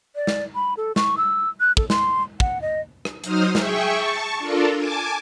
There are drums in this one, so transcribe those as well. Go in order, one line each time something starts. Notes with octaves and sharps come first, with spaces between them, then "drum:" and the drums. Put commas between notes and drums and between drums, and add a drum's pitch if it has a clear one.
D5
drum: snare
B5
A4
C#6, drum: snare
E6
F#6
A4, drum: kick
C6, drum: snare
F#5, drum: kick
D#5
drum: rim click
F#3 D#4 C5 D#6 F6, drum: hi-hat
G#4 E5 G5 C#6, drum: snare
A5 C#6
D4 F4 A4 A#4
G#5 A5 D6